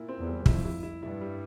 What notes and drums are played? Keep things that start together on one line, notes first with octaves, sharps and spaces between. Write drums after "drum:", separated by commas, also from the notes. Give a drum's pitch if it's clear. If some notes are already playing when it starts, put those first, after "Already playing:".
Already playing: A#2 E4
C4
E2
G3
F2 E4, drum: kick
E4
E4
G2 E4
G3